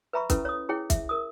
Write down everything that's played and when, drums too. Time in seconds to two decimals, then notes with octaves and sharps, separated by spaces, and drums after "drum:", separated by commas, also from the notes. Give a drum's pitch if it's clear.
0.13 B4 E5 A#5 B5 C#6
0.30 C#4 E4 A4 B4, drum: kick, hi-hat
0.45 C#5 D#6
0.69 E4 G#4 C#5 G5
0.90 E5, drum: kick, hi-hat
1.09 A#4 D#6